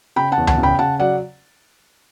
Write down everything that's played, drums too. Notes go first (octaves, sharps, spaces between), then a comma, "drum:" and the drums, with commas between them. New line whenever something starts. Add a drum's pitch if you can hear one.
C#3 G5 B5
F#5 A5
E2
F#5 A5, drum: tom C#2
C#3
G5 B5
C#3 F#5 A5
F#3 D5 F#5